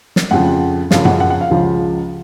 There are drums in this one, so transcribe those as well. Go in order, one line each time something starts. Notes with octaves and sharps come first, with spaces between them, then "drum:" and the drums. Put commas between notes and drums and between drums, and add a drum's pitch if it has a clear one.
drum: snare
F2 C#3 F3 F#5
F#2 C#3 F3 F5, drum: snare
F#5, drum: tom F#2
F#5
F#5
F5
C#2 C#3 F3